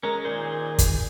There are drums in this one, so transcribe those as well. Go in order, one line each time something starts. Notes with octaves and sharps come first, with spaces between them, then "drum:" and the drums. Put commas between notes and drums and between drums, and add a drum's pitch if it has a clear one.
G#3 C#4 A#4
A#2 D#3 G#4 C5
drum: kick, hi-hat